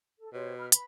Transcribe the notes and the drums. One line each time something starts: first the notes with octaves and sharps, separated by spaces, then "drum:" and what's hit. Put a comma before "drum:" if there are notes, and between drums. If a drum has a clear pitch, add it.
A4
B2 G4 C5 C#5
B5 F6
B4 B5, drum: hi-hat